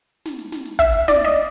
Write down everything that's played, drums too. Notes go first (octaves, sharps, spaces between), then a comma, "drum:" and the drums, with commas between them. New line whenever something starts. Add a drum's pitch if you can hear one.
drum: snare
drum: hi-hat
drum: snare
drum: hi-hat
E5, drum: kick, open hi-hat
drum: hi-hat
D5, drum: snare
D#5